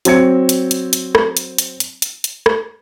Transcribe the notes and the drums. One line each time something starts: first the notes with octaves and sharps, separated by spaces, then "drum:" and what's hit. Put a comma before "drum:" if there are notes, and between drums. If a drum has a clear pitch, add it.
F#3 C4 G#6 C#7, drum: hi-hat
drum: hi-hat
drum: hi-hat
drum: hi-hat
drum: rim click
drum: hi-hat
drum: hi-hat
drum: hi-hat
drum: hi-hat
drum: hi-hat
drum: rim click